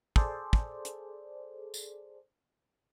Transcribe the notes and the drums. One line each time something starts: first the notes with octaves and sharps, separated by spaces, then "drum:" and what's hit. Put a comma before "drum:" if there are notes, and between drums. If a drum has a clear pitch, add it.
G#4 A4 C5 D5, drum: kick
drum: kick
drum: hi-hat
drum: tambourine